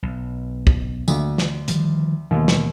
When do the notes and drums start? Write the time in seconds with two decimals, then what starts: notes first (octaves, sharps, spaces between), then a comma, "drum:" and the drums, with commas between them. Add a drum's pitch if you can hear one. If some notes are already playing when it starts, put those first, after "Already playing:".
0.03 B1
0.67 drum: kick
1.08 D2, drum: tambourine
1.38 drum: snare
1.68 D#3 F3 G3, drum: hi-hat
2.31 D#2 B2 E3 A3
2.48 drum: snare